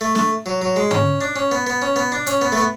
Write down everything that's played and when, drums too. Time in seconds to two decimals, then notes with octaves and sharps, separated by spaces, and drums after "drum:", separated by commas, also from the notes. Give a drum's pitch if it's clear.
0.01 A3
0.15 A3, drum: snare
0.46 F#3
0.62 F#3
0.76 G#3
0.91 C#4, drum: tom
1.21 D4
1.36 C#4
1.51 B3
1.67 B3
1.82 C#4
1.96 B3
2.12 D4
2.27 C#4, drum: hi-hat
2.41 B3
2.52 A3
2.57 B3